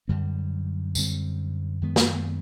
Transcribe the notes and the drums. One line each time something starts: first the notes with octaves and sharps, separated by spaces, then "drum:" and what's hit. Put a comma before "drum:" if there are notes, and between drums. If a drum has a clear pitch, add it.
F#2 D3 G3 C4
F#2 D3 G3 C4, drum: tambourine
F#2 D#3 G#3 B3
drum: snare